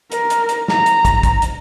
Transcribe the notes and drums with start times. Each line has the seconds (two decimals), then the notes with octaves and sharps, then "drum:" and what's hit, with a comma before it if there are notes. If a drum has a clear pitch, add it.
0.12 A#4, drum: hi-hat
0.30 drum: hi-hat
0.49 drum: hi-hat
0.68 A#5, drum: snare
0.86 drum: hi-hat
1.05 drum: kick, hi-hat
1.23 drum: kick, hi-hat
1.42 drum: hi-hat